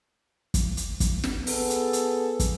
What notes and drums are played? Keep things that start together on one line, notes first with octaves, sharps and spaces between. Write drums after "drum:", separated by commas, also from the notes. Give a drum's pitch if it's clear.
drum: kick, hi-hat
drum: hi-hat
drum: kick, hi-hat
drum: snare
B3 G#4 A4, drum: open hi-hat
drum: hi-hat
drum: hi-hat
drum: kick, hi-hat